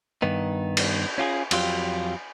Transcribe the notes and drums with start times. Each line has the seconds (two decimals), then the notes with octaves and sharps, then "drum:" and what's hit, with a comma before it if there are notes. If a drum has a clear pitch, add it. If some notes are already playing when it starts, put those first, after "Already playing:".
0.22 G2 D#3 B3 D#4
0.77 drum: cymbal
1.18 C#4 F4 G4 G#4
1.51 F2 F#3 F4 G4, drum: cymbal